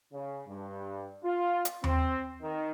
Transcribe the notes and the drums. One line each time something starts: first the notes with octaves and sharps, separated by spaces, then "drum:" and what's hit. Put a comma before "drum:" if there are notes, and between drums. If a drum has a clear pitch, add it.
C#3
G2
F4
drum: hi-hat
C4, drum: tom D#2
D#3